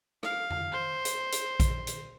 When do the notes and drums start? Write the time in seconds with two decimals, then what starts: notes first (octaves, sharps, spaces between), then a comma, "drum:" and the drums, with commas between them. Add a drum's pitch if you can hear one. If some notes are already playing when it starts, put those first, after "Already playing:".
0.23 F5, drum: rim click
0.50 drum: tom F2
0.72 C5
1.05 drum: hi-hat
1.32 drum: hi-hat
1.60 drum: kick A#1, hi-hat
1.87 drum: hi-hat